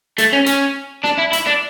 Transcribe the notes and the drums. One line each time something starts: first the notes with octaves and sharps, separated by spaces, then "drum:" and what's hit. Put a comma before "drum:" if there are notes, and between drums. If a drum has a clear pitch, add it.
A3, drum: hi-hat
C#4
C#4, drum: hi-hat
D4, drum: snare
E4
E4, drum: hi-hat
D4